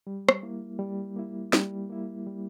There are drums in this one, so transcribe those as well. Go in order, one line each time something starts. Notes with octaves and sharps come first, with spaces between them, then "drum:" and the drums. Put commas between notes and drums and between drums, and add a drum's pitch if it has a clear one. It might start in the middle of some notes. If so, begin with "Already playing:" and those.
G3
drum: rim click
A#3 E4
G3
A#3 E4
G3, drum: snare
A#3 E4
G3